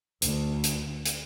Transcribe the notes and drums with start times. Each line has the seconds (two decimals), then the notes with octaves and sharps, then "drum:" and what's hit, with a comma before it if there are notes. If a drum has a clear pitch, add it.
0.22 D2, drum: hi-hat
0.64 drum: hi-hat
1.06 drum: hi-hat